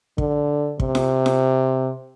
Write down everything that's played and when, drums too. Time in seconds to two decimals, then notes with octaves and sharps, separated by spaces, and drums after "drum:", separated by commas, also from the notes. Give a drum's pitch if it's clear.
0.18 D3, drum: kick
0.80 C3, drum: kick
0.95 drum: snare F4
1.26 drum: snare F4